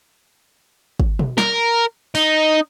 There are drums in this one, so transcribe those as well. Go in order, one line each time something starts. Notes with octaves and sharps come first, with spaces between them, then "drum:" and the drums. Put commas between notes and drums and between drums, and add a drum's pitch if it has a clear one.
drum: kick
drum: tom B2
A#4, drum: snare
D#4, drum: open hi-hat